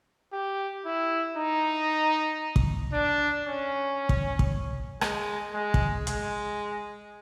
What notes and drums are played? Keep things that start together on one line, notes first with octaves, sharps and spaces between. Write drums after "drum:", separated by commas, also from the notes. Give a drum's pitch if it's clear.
G4
E4
D#4
drum: kick
D4
C#4
drum: kick
drum: kick
G#3, drum: rim click
G#3
drum: kick
G#3, drum: hi-hat